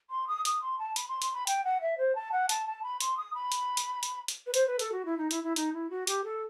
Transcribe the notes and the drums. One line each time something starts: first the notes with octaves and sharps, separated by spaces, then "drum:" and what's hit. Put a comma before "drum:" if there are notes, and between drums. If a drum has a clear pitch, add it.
C6
D#6
D#6, drum: hi-hat
C6
A5
B5, drum: hi-hat
C6
C6, drum: hi-hat
B5
G5, drum: hi-hat
F#5
E5
C5
A5
F#5
A5, drum: hi-hat
A5
B5
C6, drum: hi-hat
D#6
B5
drum: hi-hat
drum: hi-hat
drum: hi-hat
drum: hi-hat
B4
C5, drum: hi-hat
B4
A4, drum: hi-hat
F#4
E4
D#4
E4, drum: hi-hat
E4
D#4, drum: hi-hat
E4
F#4
G4, drum: hi-hat
A4